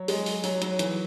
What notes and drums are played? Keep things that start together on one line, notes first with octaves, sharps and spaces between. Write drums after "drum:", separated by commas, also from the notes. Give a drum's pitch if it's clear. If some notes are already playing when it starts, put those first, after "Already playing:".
Already playing: F#3
G#3, drum: open hi-hat
drum: open hi-hat
F#3, drum: open hi-hat
F#3, drum: hi-hat
E3, drum: hi-hat